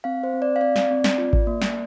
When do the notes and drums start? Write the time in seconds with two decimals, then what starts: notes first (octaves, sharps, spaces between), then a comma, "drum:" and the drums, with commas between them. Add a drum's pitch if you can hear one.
0.04 C4 F5
0.23 C5
0.33 C4
0.42 D5
0.56 F5
0.61 C4 D5
0.76 drum: snare
0.91 C4
1.04 drum: snare
1.18 F4
1.33 drum: kick G#1
1.47 A#3
1.62 drum: snare